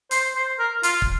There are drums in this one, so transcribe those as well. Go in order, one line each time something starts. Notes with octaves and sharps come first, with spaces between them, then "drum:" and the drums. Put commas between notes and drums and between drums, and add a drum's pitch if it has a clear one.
C5, drum: hi-hat
C5
A#4
F4, drum: hi-hat
drum: kick